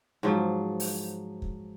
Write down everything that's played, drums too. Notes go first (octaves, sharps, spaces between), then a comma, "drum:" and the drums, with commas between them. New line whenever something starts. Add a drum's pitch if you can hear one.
G#2 F3 F#3
drum: open hi-hat
drum: kick